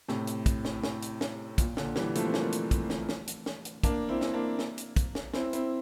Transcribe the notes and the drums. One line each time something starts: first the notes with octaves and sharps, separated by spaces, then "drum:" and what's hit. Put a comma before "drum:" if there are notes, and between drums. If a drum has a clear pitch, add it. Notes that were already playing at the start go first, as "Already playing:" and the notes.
A2 C3, drum: snare
drum: hi-hat
drum: kick, hi-hat
drum: snare
drum: snare
drum: hi-hat
drum: snare
A#2, drum: kick, hi-hat
A#2 D3, drum: snare
E3 G3, drum: snare
F3 A3, drum: hi-hat
C4
A#3 D4, drum: snare
drum: hi-hat
drum: kick, hi-hat
drum: snare
drum: snare
drum: hi-hat
drum: snare
drum: hi-hat
A#3 D4, drum: kick, hi-hat
C4 E4
drum: snare
A#3 D4
drum: snare
drum: hi-hat
drum: kick, hi-hat
drum: snare
C4 E4, drum: snare
C4 E4, drum: hi-hat